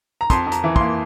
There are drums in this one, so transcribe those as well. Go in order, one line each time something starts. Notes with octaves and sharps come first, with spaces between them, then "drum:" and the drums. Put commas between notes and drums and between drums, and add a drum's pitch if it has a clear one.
A#5
F2 C6, drum: kick, hi-hat
F2
A#5, drum: hi-hat
E3
C6, drum: kick
A#3